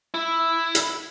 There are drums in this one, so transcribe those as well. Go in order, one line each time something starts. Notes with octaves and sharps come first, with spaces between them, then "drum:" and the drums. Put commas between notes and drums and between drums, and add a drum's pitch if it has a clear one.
E4
drum: hi-hat